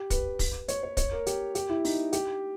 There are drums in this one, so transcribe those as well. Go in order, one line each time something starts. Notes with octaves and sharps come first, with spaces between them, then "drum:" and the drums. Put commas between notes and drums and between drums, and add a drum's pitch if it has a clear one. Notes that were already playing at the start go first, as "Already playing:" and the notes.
Already playing: G4
B4, drum: kick, hi-hat
drum: kick, open hi-hat
C#5, drum: hi-hat
C#5
C#5, drum: kick, hi-hat
A#4
G4, drum: hi-hat
G4, drum: hi-hat
E4
D#4, drum: open hi-hat
G4, drum: hi-hat